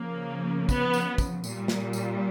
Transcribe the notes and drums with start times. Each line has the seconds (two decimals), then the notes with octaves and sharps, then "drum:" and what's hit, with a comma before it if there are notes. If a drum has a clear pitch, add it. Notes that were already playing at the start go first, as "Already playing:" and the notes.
Already playing: C#3 F3 A#3
0.69 B3, drum: kick, tambourine
0.93 drum: tambourine
1.18 drum: kick, tambourine
1.44 A#2 G3, drum: tambourine
1.68 drum: snare
1.93 drum: tambourine